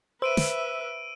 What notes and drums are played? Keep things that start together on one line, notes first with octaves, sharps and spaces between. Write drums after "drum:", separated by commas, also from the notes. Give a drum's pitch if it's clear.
B4 C5 E5 E6 D7 D#7
drum: snare